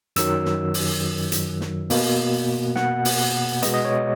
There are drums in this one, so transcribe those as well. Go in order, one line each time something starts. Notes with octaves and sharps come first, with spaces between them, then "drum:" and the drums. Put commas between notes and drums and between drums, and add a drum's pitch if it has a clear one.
F#2 D#3 F#3 E6, drum: hi-hat
drum: snare
drum: open hi-hat
drum: hi-hat
drum: snare
B2 A#3, drum: open hi-hat
F#5, drum: snare
drum: open hi-hat
B2 G#3 B3 D#5, drum: hi-hat
D#5
C#5